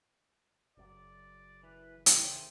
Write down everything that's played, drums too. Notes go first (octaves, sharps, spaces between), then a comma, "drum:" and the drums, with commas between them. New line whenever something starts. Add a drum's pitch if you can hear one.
F#1 F#2 D5
E3 B4
G#1 C3 D#3 A3 B3 G#4 C5 G5, drum: hi-hat